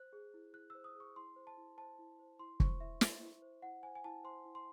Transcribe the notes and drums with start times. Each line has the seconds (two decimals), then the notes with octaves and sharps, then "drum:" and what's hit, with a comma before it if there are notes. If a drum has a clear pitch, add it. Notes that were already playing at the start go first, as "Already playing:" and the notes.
Already playing: C5 F#6
0.13 G#4
0.34 E4
0.53 E4 F#6
0.70 E6
0.75 C5
0.84 D#6
0.96 G#4 C#6
1.16 E4 C6
1.36 C5
1.47 A5
1.57 E4
1.77 C5 A5
1.99 E4
2.19 C5
2.39 E4 C6
2.60 C5 C#6, drum: kick
2.80 E4 E5
3.01 C5, drum: snare
3.22 E4
3.42 C5
3.62 E4 F#5
3.83 C5 G#5
3.95 G#5
4.04 E4 A5
4.24 C5 C6
4.45 E4
4.55 C6